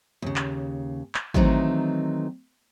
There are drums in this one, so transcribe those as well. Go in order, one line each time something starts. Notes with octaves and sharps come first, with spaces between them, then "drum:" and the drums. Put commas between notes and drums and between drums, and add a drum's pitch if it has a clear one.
D#2 C#3
drum: clap
drum: clap
D#3 E3 F#3 A3 C4 D#4, drum: kick